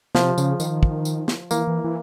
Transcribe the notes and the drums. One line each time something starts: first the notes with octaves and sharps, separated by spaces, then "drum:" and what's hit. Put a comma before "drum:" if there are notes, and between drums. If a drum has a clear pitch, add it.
C3 F3, drum: snare
C#3, drum: tambourine
D#3, drum: tambourine
drum: kick
drum: tambourine
drum: snare
E3 A#3, drum: tambourine
E3
E3